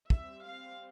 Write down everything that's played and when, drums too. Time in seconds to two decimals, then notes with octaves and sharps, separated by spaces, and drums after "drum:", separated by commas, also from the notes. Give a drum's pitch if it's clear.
0.10 G3 C4 E5, drum: kick
0.45 F5